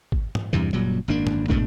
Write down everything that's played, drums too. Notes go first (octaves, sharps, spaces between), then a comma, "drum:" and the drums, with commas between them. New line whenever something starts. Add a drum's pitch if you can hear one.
drum: kick
drum: tom G#2
E2 G2 C3 E3
F#1 A#2 F#3 G3
G#1 F#2 A#3 D4
drum: tom G#2
G#2 B2 A3 D4, drum: kick